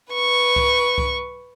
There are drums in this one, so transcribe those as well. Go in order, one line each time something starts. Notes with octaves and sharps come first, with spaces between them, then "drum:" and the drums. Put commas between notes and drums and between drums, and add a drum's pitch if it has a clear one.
B4 C#6
drum: kick C2
drum: kick C2